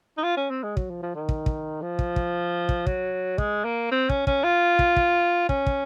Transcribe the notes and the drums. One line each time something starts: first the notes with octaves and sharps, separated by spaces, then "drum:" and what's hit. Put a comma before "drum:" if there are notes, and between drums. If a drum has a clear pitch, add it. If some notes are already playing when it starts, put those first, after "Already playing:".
D#4
F4
C#4
C4
G#3
F#3, drum: kick
F3
F3
D#3
drum: kick
drum: kick
F3
drum: kick
drum: kick
drum: kick
F#3, drum: kick
G#3, drum: kick
A#3
C4
C#4, drum: kick
C#4, drum: kick
F4
drum: kick
drum: kick
C#4, drum: kick
drum: kick